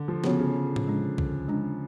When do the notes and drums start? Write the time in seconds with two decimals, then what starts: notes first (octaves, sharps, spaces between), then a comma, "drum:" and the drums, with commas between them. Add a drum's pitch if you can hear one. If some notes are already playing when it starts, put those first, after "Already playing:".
Already playing: D3
0.08 F3
0.24 C#3 F3 B3 F#4 C#5, drum: snare
0.39 C#3
0.56 D3
0.76 drum: tom A2
0.87 G#3 D4
1.18 D3, drum: kick B1
1.49 G#3 D4